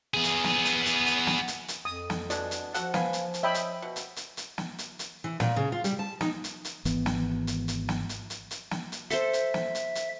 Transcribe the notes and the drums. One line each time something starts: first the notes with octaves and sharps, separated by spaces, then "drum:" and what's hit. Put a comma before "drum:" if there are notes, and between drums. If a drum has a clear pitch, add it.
B3 G#4
drum: hi-hat
drum: snare
drum: hi-hat
drum: hi-hat
drum: hi-hat
drum: snare
drum: hi-hat
drum: hi-hat
F2 D#6
drum: snare
B2 G#3 D4, drum: hi-hat
drum: hi-hat
F3 F#4 A4 F#5, drum: hi-hat
B4 F5 G#5, drum: snare
drum: hi-hat
drum: hi-hat
C#4 D#5 E5 G5 B5
drum: hi-hat
B2
drum: hi-hat
drum: hi-hat
drum: hi-hat
drum: snare
drum: hi-hat
drum: hi-hat
E3
A#2, drum: snare
C#3
F4
G3, drum: hi-hat
A5
D#4, drum: snare
drum: hi-hat
drum: hi-hat
G#1 E3 B3, drum: hi-hat
drum: snare
drum: hi-hat
drum: hi-hat
drum: snare
drum: hi-hat
drum: hi-hat
drum: hi-hat
drum: snare
drum: hi-hat
A4 C5 E5, drum: hi-hat
drum: hi-hat
drum: snare
drum: hi-hat
drum: hi-hat